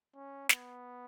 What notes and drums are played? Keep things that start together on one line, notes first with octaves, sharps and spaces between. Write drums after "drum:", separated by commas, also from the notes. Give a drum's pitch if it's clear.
C#4
B3, drum: snare